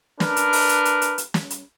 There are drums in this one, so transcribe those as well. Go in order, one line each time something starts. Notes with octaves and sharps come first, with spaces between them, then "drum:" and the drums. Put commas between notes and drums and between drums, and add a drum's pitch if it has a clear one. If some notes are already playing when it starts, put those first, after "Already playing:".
D4 A#4 B4, drum: snare
drum: hi-hat
drum: open hi-hat
drum: hi-hat
drum: hi-hat
drum: hi-hat
drum: hi-hat
drum: snare
drum: hi-hat